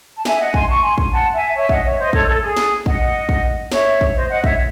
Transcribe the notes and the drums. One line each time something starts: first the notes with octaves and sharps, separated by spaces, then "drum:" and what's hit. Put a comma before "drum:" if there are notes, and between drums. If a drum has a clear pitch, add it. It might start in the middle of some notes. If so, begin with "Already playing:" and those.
A5
E5 G#5, drum: snare
D#5 F#5
G#5 C6, drum: kick
A5 C#6
G#5 C6
drum: kick
F#5 A5
E5 G#5
C#5 E5
D#5 F#5, drum: kick
C#5 E5
C5 D#5
A4 C#5, drum: kick
A4
G#4
drum: snare
D#5 F#5, drum: kick
drum: kick
C#5 E5, drum: snare
drum: kick
C5 D#5
D#5 F#5
C#5 E5, drum: kick